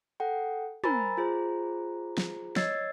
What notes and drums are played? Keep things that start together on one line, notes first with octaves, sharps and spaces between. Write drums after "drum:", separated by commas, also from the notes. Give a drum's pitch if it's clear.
A4 F#5 G5
A#4 C5 G#5 A#5 B5 A6, drum: tom
F4 G#4 C5 A#5
drum: snare
C#5 D#5 E6 G#6 A6 C7, drum: snare